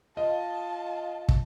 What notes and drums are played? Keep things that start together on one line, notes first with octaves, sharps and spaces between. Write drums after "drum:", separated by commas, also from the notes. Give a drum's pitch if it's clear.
F4 D#5 A5
drum: kick